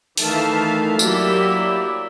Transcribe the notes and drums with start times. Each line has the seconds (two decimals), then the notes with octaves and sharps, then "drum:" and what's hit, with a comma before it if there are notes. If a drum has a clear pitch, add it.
0.17 D#3 E3 A3 E5 F5 A5, drum: open hi-hat
0.99 F#3 A#3 E4 G4 D5 E5, drum: tambourine